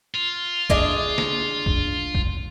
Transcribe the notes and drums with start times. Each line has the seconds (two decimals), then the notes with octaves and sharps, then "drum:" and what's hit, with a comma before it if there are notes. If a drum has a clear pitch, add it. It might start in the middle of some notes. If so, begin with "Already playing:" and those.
0.14 F4
0.70 D4 G#4 D#5, drum: kick
1.18 drum: snare
1.66 drum: kick
2.15 drum: kick